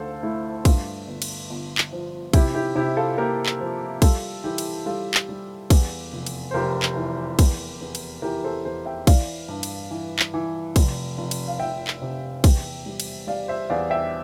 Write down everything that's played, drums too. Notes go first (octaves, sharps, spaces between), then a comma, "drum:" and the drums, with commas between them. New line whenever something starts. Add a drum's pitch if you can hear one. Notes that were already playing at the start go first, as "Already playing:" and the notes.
Already playing: D2 A4 C5 F5
A3 E4
G2 F4, drum: kick, cymbal
G1
drum: cymbal
G1
drum: clap
F3
C3 E4 G4, drum: kick, cymbal
E4 G4
C3 E4 G4
F4 A4
A#3 G4 A#4
drum: clap
F3
G3 F4 A4, drum: kick, cymbal
E3 E4 G4
drum: cymbal
G3 F4 A4
drum: clap
G3
E2, drum: kick, cymbal
F1
drum: cymbal
C5
F1 G4 A#4
drum: clap
E3
E2, drum: kick, cymbal
E2
drum: cymbal
E3 G4 A#4
A4 C5
E2 A4 C5
E5 G5
E3 D5 F5, drum: kick, cymbal
G2
drum: cymbal
E3
drum: clap
E3
F1, drum: kick, cymbal
F1
drum: cymbal
F5
F1 E5 G5
drum: clap
C3
E2, drum: kick, cymbal
G3
drum: cymbal
G3 D5 F5
C5 E5
E2 D5 F5
E5 G5